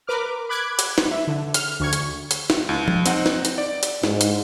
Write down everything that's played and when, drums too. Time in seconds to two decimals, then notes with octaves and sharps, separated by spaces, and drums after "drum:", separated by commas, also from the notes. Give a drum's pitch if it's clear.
0.07 A#4 B4 D6 F6
0.49 B5 D6 F#6 G#6
0.79 drum: hi-hat
0.98 drum: snare
1.11 E5
1.27 D3
1.54 F6, drum: hi-hat
1.80 D2 C#6 G#6
1.93 drum: hi-hat
2.31 drum: hi-hat
2.50 drum: snare
2.69 C#2
2.88 drum: tom
3.06 C4 D#4 F#5, drum: hi-hat
3.26 drum: snare
3.45 drum: hi-hat
3.58 D5
3.83 drum: hi-hat
4.04 G#2, drum: snare
4.21 drum: hi-hat